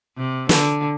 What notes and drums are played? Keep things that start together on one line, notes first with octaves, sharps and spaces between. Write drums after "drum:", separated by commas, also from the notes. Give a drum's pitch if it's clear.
C3
D3, drum: snare